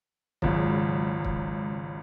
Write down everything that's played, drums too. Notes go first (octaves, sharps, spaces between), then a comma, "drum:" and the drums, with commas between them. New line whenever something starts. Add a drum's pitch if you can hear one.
G#1 C#2 F#2, drum: kick C#1
drum: kick C#1